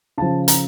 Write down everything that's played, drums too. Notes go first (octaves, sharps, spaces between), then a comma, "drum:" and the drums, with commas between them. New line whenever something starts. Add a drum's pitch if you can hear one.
C#3 F3 A5
A#5, drum: hi-hat